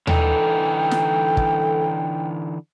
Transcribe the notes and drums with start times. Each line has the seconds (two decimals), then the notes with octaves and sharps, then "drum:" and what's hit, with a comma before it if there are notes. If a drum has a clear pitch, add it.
0.07 D3 E3 D#4 A4 G5, drum: tom D#2
0.91 drum: snare
1.37 drum: kick